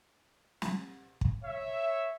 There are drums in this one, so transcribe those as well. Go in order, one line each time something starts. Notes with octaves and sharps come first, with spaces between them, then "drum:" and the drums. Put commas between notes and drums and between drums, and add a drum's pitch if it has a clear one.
drum: snare
drum: kick
C#5 E5